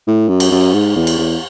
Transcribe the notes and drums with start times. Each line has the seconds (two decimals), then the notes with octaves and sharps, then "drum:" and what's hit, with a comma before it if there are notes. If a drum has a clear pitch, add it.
0.07 A2
0.29 F#2
0.40 drum: cymbal
0.51 F#2
0.74 G#2
0.96 E2
1.07 drum: cymbal
1.18 E2